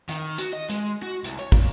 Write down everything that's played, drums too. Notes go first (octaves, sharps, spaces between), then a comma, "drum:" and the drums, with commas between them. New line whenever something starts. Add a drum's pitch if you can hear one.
D#3, drum: hi-hat
F#4, drum: hi-hat
D#5
G#3, drum: hi-hat
F#4
C2, drum: hi-hat
C#5
A#2, drum: kick, open hi-hat